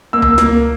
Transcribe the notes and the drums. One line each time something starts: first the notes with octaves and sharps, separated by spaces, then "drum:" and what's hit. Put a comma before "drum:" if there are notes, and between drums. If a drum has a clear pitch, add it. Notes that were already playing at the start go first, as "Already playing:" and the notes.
A#3 E6
drum: tom C#2
A#3, drum: snare